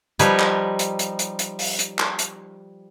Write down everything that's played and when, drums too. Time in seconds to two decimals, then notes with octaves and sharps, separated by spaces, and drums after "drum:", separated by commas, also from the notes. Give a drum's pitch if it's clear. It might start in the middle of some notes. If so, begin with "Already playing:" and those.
0.19 F3 G3 D#4 B4 C#5, drum: hi-hat
0.39 drum: clap
0.79 drum: hi-hat
0.99 drum: hi-hat
1.19 drum: hi-hat
1.39 drum: hi-hat
1.59 drum: open hi-hat
1.79 drum: hi-hat
1.99 drum: clap
2.19 drum: hi-hat